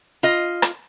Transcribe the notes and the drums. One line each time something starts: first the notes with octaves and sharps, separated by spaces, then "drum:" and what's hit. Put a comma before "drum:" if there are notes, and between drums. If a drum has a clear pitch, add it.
F4 D#5
drum: rim click